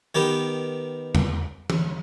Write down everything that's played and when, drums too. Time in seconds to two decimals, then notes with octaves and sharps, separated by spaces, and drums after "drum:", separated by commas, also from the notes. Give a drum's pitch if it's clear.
0.15 D#3 B3 G4 B4
1.15 drum: tom E2
1.70 drum: tom E3